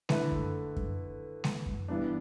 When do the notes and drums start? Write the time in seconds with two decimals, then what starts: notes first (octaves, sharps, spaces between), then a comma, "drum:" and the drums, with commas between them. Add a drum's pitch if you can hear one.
0.09 D3 A3 E4 B4 E5, drum: snare G#3
0.32 drum: kick F#2
0.76 drum: kick F#2
1.44 drum: snare G#3
1.66 drum: kick F#2
1.88 G2 E3 B3 D4